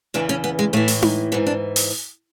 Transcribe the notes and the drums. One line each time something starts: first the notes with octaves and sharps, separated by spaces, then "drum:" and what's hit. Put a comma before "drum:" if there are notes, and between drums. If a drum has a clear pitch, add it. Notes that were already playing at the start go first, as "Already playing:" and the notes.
E2 C#3 E3 D4
C#4
B3
G#3
A2 E3 A3
drum: open hi-hat
drum: tom D#4
G#2 E3 B3
D4
drum: open hi-hat